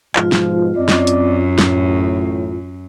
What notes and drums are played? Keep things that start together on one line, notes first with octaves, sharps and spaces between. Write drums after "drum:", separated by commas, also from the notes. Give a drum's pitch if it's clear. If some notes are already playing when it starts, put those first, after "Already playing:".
G#2 B2 F3 F4, drum: clap
drum: snare
F#2 C4 D5 D#5
drum: snare
drum: hi-hat
A1 D2 A2, drum: snare